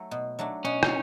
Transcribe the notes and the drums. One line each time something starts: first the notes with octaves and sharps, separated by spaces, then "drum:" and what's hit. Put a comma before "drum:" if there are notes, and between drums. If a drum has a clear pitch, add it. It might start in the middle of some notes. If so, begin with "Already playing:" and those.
Already playing: F#3 A3
B2
F#3 A3 D4
B2 C#4
drum: rim click